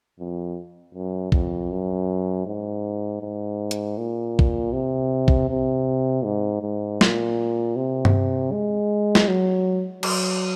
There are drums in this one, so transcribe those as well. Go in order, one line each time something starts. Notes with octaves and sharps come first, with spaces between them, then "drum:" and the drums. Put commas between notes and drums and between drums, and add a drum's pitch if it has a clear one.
F2
F#2
F2, drum: kick A1
F#2
G#2
G#2
drum: hi-hat
A#2
drum: kick A1
C3
drum: kick A1
C3
G#2
G#2
A#2, drum: snare
C3
drum: tom G2
G#3
drum: snare
F#3
F#3, drum: cymbal